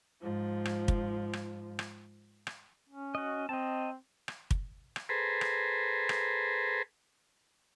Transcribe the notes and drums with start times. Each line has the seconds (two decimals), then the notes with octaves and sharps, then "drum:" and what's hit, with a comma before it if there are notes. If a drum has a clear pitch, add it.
0.22 G#2 F3
0.65 drum: rim click
0.88 drum: kick
1.33 drum: rim click
1.79 drum: rim click
2.47 drum: rim click
2.89 C#4
3.15 F#4 D#5
3.49 C4 D#5 A5
4.28 drum: rim click
4.51 drum: kick
4.96 drum: rim click
5.09 G#4 A4 B4 C5 A#5
5.41 drum: rim click
6.09 drum: rim click